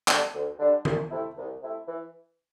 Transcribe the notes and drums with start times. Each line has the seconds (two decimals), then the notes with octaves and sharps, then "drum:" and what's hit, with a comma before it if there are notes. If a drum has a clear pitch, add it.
0.08 D3 G3 D4, drum: clap
0.34 D2
0.60 D3 G3 D4
0.85 C2, drum: tom D#3
1.11 C3 A3 E4
1.37 C2
1.62 C3 A3 E4
1.88 E3